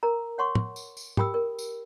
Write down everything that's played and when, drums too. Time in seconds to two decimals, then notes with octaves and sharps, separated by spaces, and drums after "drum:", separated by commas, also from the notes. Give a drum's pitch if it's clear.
0.03 A#4 A#5
0.38 C#5 F#5 C6 C#6
0.55 drum: tom
0.76 drum: tambourine
0.97 drum: tambourine
1.17 G4 A#4 G5 B5 D#6 E6, drum: tom
1.34 A#4
1.59 drum: tambourine